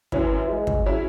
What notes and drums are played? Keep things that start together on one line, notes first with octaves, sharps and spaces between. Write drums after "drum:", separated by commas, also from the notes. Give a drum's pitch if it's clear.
F#2 E3 F#3 C#4 E4, drum: kick
G#3
drum: kick
F#3 C#4 E4